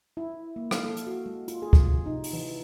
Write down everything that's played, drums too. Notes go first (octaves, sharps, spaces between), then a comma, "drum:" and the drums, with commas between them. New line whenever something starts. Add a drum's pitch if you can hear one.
E4
A#3
F5, drum: rim click
A4
drum: hi-hat
F#4
G#3
F4, drum: hi-hat
G#4
drum: kick
C3
D#4
drum: open hi-hat
E3